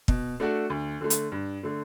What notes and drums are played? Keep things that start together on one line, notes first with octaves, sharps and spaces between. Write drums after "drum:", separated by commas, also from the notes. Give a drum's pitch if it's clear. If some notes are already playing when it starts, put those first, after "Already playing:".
B2, drum: kick
A3 D4 F#4 A4
D2
D3 A3
drum: hi-hat
G2
D3 A3